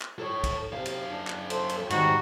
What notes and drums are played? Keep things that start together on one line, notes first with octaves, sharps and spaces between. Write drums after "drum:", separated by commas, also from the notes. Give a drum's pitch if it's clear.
drum: clap
A4 C#5
drum: kick, cymbal
F#2 C3 F5
drum: cymbal
D4
drum: clap
A4 C5, drum: cymbal
drum: cymbal
E2 G#2 D#3 G3 D#4 F#4, drum: cymbal